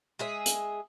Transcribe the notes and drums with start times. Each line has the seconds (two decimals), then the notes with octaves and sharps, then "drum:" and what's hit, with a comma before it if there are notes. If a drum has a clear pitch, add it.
0.19 G#3 G#4 E5
0.46 drum: hi-hat